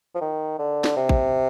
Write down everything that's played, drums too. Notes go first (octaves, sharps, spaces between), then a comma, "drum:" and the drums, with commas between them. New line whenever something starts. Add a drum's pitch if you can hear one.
F3
D#3
D3
drum: snare
C3
drum: kick A#1